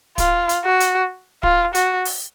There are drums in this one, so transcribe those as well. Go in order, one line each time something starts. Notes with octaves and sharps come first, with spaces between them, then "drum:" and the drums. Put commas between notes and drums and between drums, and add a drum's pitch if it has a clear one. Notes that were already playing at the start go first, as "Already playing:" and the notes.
F4, drum: kick, hi-hat
drum: hi-hat
F#4
drum: hi-hat
F4, drum: kick
F#4, drum: hi-hat
drum: open hi-hat